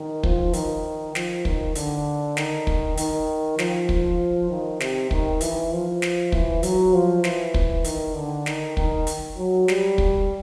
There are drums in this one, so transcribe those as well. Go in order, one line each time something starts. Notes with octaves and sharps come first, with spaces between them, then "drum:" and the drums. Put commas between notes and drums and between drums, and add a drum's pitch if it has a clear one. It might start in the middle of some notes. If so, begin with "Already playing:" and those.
Already playing: D#3
F3, drum: kick
D#3, drum: hi-hat
F3, drum: snare
D#3, drum: kick
D3, drum: hi-hat
D#3, drum: snare
drum: kick
D#3, drum: hi-hat
F3, drum: snare
drum: kick
D#3
C3, drum: snare
D#3, drum: kick
E3, drum: hi-hat
F3
drum: snare
E3, drum: kick
F#3, drum: hi-hat
F3
E3, drum: snare
drum: kick
D#3, drum: hi-hat
D3
D#3, drum: snare
D#3, drum: kick
drum: hi-hat
F#3
G3, drum: snare
drum: kick